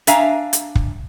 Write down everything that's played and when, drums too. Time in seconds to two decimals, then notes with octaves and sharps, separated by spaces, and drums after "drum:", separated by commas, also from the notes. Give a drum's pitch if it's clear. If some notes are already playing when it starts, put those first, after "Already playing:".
0.07 D4 E5 F5 G#5 A#5, drum: hi-hat
0.53 drum: hi-hat
0.75 drum: kick